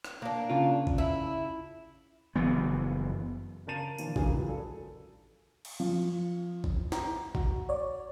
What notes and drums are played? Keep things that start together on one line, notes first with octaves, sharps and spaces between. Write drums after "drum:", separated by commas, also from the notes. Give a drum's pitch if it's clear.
drum: rim click
A#3 D4
C#3 F4
drum: kick A1
E4
F#1 E3 B3
C#3 A#4 A5 A6 D#7
A#2 D3 E3 F3, drum: tambourine
C#3 E3 G3 G#4 A#4, drum: kick A1
C#2 F#3
A4
drum: cymbal
F3
drum: kick A1
A#5, drum: snare
F#4, drum: kick A1
C#5 D5